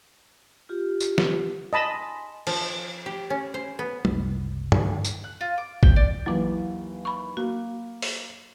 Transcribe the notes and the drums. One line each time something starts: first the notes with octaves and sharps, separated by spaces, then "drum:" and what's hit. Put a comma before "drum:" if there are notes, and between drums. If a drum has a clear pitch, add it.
F4 G4
drum: tambourine
drum: snare
D#5 G#5 A5 B5 C6
F3, drum: cymbal
G4
C#4
C5
B3
F#1 C2, drum: tom
G#2 D3, drum: tom G2
drum: tambourine
F#6
F4
D6
G5, drum: kick G#1
D5
D#2 E3 F#3 D6
B5 C#6
A#3 F#4
drum: open hi-hat